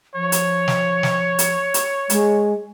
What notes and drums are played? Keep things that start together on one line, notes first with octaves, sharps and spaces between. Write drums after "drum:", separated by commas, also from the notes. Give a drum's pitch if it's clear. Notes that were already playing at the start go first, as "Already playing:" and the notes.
F3 C#5
drum: hi-hat
drum: snare
drum: snare
drum: hi-hat
drum: hi-hat
G#3, drum: hi-hat